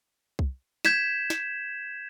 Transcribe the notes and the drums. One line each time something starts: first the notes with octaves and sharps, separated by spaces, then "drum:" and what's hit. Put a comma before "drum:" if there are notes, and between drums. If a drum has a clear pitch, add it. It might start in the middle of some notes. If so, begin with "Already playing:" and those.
drum: kick C2
G6 G#6 B6 E7, drum: snare
drum: snare